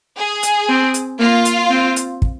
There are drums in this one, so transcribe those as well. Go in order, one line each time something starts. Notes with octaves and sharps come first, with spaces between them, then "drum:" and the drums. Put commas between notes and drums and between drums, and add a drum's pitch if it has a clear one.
G#4
drum: hi-hat
C4
drum: hi-hat
A#3 F4
drum: hi-hat
C4
drum: hi-hat
drum: kick